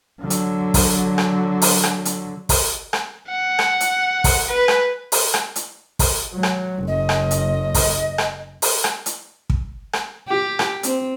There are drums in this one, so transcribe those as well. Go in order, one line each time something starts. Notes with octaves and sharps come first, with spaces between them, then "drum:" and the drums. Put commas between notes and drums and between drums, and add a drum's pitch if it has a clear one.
D3 F#3
drum: hi-hat
drum: kick, open hi-hat
drum: rim click
drum: open hi-hat
drum: rim click
drum: hi-hat
drum: kick, open hi-hat
drum: rim click
F#5
drum: rim click
drum: hi-hat
drum: kick, open hi-hat
B4
drum: rim click
drum: open hi-hat
drum: rim click
drum: hi-hat
drum: kick, open hi-hat
F#3
drum: rim click
F#1 D#5
drum: rim click
drum: hi-hat
drum: kick, open hi-hat
drum: rim click
drum: open hi-hat
drum: rim click
drum: hi-hat
drum: kick
drum: rim click
G4
drum: rim click
C4, drum: hi-hat